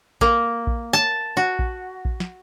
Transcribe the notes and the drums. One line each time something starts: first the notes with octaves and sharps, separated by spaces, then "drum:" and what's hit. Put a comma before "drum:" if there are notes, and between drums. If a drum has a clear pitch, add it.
A#3, drum: kick A#1
drum: kick A#1
A5
F#4
drum: kick A#1
drum: kick A#1
drum: snare